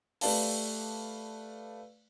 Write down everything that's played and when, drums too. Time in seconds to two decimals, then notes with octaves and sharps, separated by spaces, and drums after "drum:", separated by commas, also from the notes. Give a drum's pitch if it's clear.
0.21 A3 G4 B4 D5 F5 A5, drum: open hi-hat